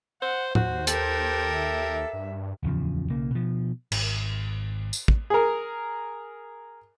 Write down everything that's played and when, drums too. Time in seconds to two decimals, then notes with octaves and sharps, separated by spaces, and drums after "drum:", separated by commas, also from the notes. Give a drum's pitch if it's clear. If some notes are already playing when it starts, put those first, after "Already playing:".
0.22 C5 F#5
0.55 D#2 F#4 C5, drum: tom A2
0.87 G4 A4 A#4, drum: hi-hat
1.54 E5
2.13 G2
2.63 D1 E2 C#3 F3
3.10 B1 C#3 A#3
3.31 B2 F3
3.92 G#1, drum: cymbal
4.93 drum: tambourine
5.08 drum: kick
5.30 G#4 A#4